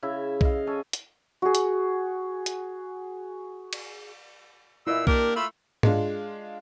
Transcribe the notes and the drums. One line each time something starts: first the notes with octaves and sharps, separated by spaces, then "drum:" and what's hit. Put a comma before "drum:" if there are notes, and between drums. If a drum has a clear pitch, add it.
C#3 E4 E5
D#5 F5, drum: kick B1
C#4 A4 G#5
drum: hi-hat
F#4 G#4
drum: hi-hat
drum: hi-hat
drum: cymbal
A#2 E4 D#5 E5 E6
A#3 D4 G4 A#4, drum: kick B1
A3 F4 B5 E6
G#3 D4 F4, drum: tom G#2